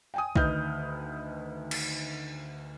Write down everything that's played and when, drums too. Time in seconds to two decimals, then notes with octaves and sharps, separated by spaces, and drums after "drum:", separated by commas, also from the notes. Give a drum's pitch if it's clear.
0.14 G5 G#5 D#6
0.36 D2 D#3 B4 D#5 F6 G6, drum: kick B1
1.71 drum: cymbal